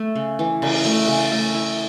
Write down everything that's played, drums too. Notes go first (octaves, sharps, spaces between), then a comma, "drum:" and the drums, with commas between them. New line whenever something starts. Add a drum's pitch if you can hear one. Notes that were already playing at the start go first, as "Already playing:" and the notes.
Already playing: A3
C#3
E3
C#3, drum: cymbal
A3
C#3
A3
E4